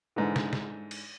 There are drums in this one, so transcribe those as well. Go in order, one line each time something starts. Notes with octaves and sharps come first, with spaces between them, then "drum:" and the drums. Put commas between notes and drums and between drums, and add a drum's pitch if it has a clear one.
G#2 D3 E3
drum: snare
drum: snare
drum: cymbal